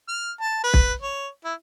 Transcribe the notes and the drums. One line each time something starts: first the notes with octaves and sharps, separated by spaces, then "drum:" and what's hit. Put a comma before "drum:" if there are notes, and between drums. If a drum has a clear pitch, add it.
F6
A5
B4
drum: kick
C#5
E4